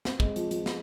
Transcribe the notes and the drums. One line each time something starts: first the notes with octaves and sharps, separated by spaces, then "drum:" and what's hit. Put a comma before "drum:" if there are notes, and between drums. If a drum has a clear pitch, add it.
C4, drum: snare
G#3, drum: kick
F3, drum: hi-hat
F3, drum: hi-hat
drum: snare